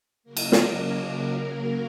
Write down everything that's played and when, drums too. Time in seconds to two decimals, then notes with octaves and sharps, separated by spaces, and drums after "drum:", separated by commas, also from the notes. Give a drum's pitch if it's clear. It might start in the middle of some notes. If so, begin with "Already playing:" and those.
0.23 C#3 F#3 A#3 A#4
0.37 drum: cymbal
0.52 drum: snare